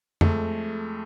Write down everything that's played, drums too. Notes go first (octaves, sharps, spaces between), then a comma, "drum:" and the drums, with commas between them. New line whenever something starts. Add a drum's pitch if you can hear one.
F2 G#3 A3, drum: tom F2